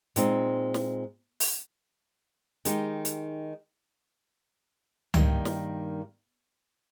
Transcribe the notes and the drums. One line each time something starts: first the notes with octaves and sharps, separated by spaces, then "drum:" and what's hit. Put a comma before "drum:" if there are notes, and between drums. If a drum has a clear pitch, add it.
A#2 G#3 C4 D#4, drum: hi-hat
drum: snare
drum: open hi-hat
D#3 G#3 D#4 G4, drum: hi-hat
drum: hi-hat
G2 D#3 G3 A#3, drum: tom C#2
drum: snare